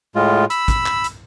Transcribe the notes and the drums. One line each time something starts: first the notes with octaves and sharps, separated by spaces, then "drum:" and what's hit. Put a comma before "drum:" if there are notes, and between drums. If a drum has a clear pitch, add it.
A2 G#3 F4
B5 E6, drum: hi-hat
drum: kick, hi-hat
drum: clap
drum: hi-hat